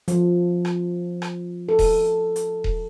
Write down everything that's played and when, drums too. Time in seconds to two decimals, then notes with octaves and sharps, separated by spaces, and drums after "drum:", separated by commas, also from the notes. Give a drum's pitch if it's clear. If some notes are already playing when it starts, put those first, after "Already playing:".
0.08 F3, drum: hi-hat
0.65 drum: rim click
1.22 drum: rim click
1.69 A4
1.79 drum: kick D#1, open hi-hat
2.36 drum: hi-hat
2.64 drum: kick D#1